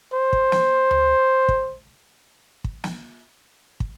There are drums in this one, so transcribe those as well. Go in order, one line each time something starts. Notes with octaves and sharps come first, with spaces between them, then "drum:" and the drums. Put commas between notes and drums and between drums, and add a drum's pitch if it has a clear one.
C5
drum: kick
drum: snare
drum: tom D2
drum: kick
drum: kick
drum: snare
drum: kick